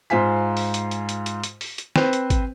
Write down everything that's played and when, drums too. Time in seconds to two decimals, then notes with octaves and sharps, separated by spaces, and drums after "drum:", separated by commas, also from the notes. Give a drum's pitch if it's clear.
0.10 G#2 F4 C5 F5 G#5 B6
0.57 drum: open hi-hat
0.74 drum: hi-hat
0.91 drum: hi-hat
1.09 drum: hi-hat
1.26 drum: hi-hat
1.44 drum: hi-hat
1.61 drum: open hi-hat
1.78 drum: hi-hat
1.96 C4 B4 C5, drum: snare
2.13 drum: hi-hat
2.30 drum: kick G#1, hi-hat